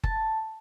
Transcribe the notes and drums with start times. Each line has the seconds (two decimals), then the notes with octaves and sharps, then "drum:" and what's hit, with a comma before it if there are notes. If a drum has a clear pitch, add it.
0.04 A5, drum: kick F#1